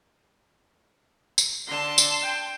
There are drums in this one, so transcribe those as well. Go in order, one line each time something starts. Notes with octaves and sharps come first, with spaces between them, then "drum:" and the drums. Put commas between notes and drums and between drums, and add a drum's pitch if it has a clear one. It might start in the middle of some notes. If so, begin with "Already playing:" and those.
drum: tambourine
D3 A5 C6
drum: tambourine
G5